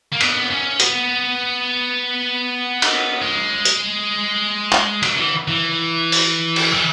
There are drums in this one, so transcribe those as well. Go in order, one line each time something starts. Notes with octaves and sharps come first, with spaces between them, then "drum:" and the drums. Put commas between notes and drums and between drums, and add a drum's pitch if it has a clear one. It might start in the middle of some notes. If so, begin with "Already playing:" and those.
A#3
B3, drum: cymbal
C#4
B3, drum: hi-hat
drum: cymbal
G#3
drum: hi-hat
drum: clap
F#3, drum: cymbal
E3
E3
drum: open hi-hat
drum: cymbal
E3